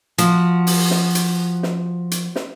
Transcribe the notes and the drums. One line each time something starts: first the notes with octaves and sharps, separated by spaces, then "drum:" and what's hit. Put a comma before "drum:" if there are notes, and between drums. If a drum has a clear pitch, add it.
F3 F#4, drum: hi-hat
drum: open hi-hat
drum: snare
drum: hi-hat
drum: snare
drum: hi-hat
drum: snare